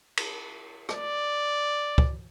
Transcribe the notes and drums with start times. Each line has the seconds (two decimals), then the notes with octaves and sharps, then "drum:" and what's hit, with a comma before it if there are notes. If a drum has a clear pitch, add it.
0.17 drum: cymbal
0.89 D5, drum: rim click
1.98 drum: kick